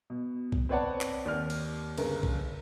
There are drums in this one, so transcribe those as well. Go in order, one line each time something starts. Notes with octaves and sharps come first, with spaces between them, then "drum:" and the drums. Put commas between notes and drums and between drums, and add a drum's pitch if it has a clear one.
B2
drum: kick B1
C4 B4 C#5 D5 F#5 A5
drum: clap
D#2 D5 F6
drum: cymbal
G1 C#3 A#4, drum: cymbal
drum: kick B1